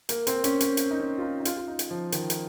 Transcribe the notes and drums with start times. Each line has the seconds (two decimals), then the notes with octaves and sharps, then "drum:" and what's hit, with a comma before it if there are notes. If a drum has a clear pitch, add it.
0.09 A#3, drum: hi-hat
0.27 C4, drum: hi-hat
0.44 C#4, drum: hi-hat
0.60 C#4, drum: hi-hat
0.77 drum: hi-hat
0.91 D#4
1.00 C#4
1.18 F4
1.22 D#4
1.40 D#4
1.45 F4, drum: hi-hat
1.57 F4
1.68 D#4
1.79 drum: hi-hat
1.90 F3
2.12 D#3, drum: hi-hat
2.30 drum: hi-hat